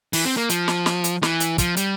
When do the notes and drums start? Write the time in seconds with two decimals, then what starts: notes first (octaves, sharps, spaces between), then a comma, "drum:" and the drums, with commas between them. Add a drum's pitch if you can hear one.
0.13 E3, drum: open hi-hat
0.25 C4
0.37 A#3
0.50 F3, drum: hi-hat
0.68 drum: snare
0.86 drum: snare
1.04 drum: hi-hat
1.23 E3, drum: snare
1.40 drum: hi-hat
1.58 F3, drum: kick, hi-hat
1.77 G3, drum: hi-hat